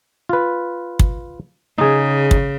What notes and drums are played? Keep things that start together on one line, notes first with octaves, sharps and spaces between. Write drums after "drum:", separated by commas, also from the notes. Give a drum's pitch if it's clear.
F4 B4
drum: kick
C#3 D#4 G#4
drum: kick